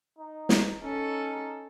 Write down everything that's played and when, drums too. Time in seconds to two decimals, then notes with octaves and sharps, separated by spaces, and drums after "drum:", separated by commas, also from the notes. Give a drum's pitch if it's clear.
0.18 D#4
0.49 drum: snare
0.82 C#4 D#4 A4